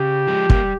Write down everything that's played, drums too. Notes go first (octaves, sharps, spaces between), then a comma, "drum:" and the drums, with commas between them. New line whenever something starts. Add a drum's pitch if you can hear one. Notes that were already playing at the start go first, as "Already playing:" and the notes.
Already playing: C#3 G4
F3 G#3
G3 A#3, drum: kick